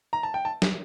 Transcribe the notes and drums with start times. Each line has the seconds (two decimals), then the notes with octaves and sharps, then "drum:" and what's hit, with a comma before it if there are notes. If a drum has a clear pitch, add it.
0.13 A#5
0.23 A5
0.34 G5
0.45 A5
0.62 drum: snare